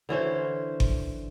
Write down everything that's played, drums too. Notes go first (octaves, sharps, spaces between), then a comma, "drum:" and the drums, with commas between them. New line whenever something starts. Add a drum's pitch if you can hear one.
D3 E3 C#4 C5
drum: kick G1